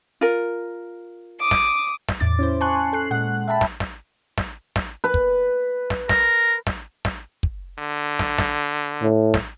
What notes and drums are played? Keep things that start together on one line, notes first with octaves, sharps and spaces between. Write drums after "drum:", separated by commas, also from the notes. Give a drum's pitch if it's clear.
F4 A#4
D6 D#6
drum: snare
drum: snare
E2 A2 D6 A6
C#4 E4 C5
G#5 A5 C6 C#6 F#6
A4 F#6 C7
A#2 G#3 F#5 F#6
E5 G5 A5 B5
drum: snare
drum: snare
drum: snare
drum: snare
B4
drum: kick
drum: snare
A#4, drum: snare
drum: snare
drum: snare
drum: kick
D3
drum: snare
drum: snare
A2
drum: snare